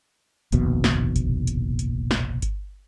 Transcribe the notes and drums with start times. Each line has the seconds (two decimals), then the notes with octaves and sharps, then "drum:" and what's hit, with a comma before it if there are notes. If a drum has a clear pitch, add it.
0.52 F1 A#1 D#2 B2, drum: hi-hat
0.84 drum: snare
1.16 drum: kick G1, hi-hat
1.47 drum: hi-hat
1.79 drum: hi-hat
2.11 drum: snare
2.42 drum: kick G1, hi-hat